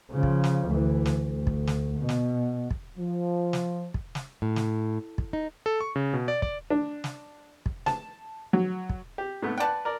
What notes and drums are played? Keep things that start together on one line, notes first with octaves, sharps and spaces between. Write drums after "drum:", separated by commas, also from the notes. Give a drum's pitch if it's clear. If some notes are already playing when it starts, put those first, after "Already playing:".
C#3 F3
drum: kick
drum: snare
D2 E3
drum: snare
D2
drum: kick
drum: snare
B2
drum: snare
drum: kick
F3
drum: snare
drum: kick
drum: snare
A2
drum: snare
drum: kick
D#4
A4
C#6
C#3
B2
D5
D5, drum: kick
D4
drum: snare
drum: kick
A5, drum: snare
F#3
drum: kick
G4
G#2 A3 B3
B4 D5 F#5 G5 A5
A#4 D5